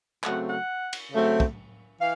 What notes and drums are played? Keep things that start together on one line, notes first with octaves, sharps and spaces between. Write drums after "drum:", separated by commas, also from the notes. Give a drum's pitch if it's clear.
C#3 F#3 A3 C4 F#5, drum: clap
F#5
drum: cymbal
C#3 F#3 A3 C4
drum: kick
E3 F5